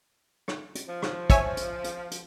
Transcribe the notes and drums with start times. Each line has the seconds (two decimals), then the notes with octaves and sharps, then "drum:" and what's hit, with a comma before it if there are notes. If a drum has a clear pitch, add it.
0.48 drum: rim click
0.75 drum: hi-hat
0.88 F3
1.02 drum: rim click
1.30 C#5 E5 G#5, drum: kick, hi-hat
1.57 drum: hi-hat
1.84 drum: hi-hat
2.11 drum: hi-hat